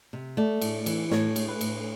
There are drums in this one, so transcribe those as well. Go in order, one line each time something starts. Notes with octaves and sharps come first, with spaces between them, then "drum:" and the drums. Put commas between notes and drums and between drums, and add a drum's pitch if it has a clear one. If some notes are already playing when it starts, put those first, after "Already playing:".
C3
A3 D5
A2, drum: cymbal
E3, drum: cymbal
A2 C#5, drum: snare
A3, drum: cymbal
B4
A2, drum: cymbal